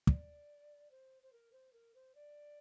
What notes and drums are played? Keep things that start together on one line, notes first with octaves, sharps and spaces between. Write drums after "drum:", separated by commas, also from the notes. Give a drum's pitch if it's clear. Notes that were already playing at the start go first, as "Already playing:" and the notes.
D5, drum: kick
C5
C5
A#4
C5
A#4
C5
D5